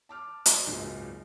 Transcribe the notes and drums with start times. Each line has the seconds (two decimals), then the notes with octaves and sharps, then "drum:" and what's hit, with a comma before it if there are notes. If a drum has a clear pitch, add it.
0.09 A5 D6 F6
0.46 D5 C6 D#6, drum: hi-hat
0.67 G#1 C#2 F#2 A#2 F#3 G#3